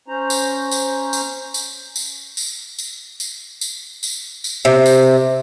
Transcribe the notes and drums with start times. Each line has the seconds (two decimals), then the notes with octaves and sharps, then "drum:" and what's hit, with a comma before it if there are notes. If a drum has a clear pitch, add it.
0.08 C#4 C5 A#5
0.30 drum: tambourine
0.71 drum: tambourine
1.13 drum: tambourine
1.54 drum: tambourine
1.96 drum: tambourine
2.37 drum: tambourine
2.79 drum: tambourine
3.20 drum: tambourine
3.61 drum: tambourine
4.03 drum: tambourine
4.44 drum: tambourine
4.65 C3
4.86 drum: tambourine